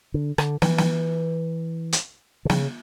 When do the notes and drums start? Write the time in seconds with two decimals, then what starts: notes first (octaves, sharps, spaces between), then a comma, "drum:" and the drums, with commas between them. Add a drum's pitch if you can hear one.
0.14 D3
0.38 D3, drum: rim click
0.62 E3, drum: snare
0.78 drum: snare
1.93 drum: hi-hat
2.45 D3
2.50 C#3, drum: snare